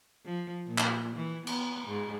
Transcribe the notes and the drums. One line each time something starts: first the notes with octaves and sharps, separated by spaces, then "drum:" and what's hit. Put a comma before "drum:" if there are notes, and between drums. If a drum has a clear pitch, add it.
F3
A#2
drum: clap
E3
B3, drum: cymbal
G#2